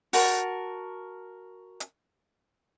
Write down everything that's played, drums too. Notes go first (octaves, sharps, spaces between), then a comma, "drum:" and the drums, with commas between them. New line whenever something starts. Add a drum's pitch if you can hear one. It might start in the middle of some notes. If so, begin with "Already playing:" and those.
F#4 A#4 A5, drum: open hi-hat
drum: hi-hat